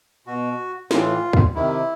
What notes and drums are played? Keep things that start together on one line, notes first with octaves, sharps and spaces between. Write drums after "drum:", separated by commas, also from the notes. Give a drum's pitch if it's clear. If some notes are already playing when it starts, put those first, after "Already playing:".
B2 F#4
A2 E3 F4, drum: snare
drum: kick
C3 D#3 E4